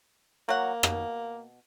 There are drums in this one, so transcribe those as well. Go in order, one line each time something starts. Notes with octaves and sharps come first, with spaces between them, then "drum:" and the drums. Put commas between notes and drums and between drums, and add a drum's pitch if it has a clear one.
F#3 A#3 F#5
B2, drum: rim click